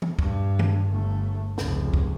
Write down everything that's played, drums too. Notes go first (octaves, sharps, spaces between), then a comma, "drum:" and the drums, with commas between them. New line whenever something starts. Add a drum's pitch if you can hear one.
drum: tom E3
G2, drum: kick
drum: tom
G1 A3
F1 C#2, drum: snare
drum: kick